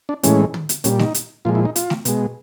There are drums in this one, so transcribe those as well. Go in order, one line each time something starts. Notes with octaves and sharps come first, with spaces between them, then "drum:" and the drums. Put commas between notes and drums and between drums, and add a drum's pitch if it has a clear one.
D4
A2 E3 G#3 C#4, drum: hi-hat
drum: tom
drum: hi-hat
A#2 G3 C#4, drum: hi-hat
D#4, drum: snare A3
drum: hi-hat
A#2 F3 G#3 F4
E4
D#4
F4, drum: hi-hat
drum: snare A3
B2 G#3, drum: hi-hat